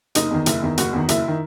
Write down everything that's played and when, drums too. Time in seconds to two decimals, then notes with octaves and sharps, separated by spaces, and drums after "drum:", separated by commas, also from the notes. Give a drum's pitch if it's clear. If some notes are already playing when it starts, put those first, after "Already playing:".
0.15 F#1 D#4, drum: hi-hat
0.31 E2 D#3
0.46 F#1 E4, drum: hi-hat
0.62 E2 D#3
0.78 F#1 F#4, drum: hi-hat
0.93 E2 D#3
1.09 F#1 E4, drum: hi-hat
1.28 D#3